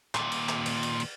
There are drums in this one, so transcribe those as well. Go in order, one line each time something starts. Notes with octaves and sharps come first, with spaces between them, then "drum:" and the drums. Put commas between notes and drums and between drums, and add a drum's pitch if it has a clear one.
D#2 A#2, drum: clap
drum: cymbal
drum: clap
drum: cymbal
drum: cymbal
drum: cymbal